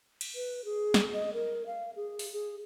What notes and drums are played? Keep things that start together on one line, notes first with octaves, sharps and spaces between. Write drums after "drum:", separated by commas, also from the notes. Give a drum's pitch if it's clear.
drum: cymbal
B4
G#4
drum: snare
D#5
A#4
F5
G#4
drum: open hi-hat
G#4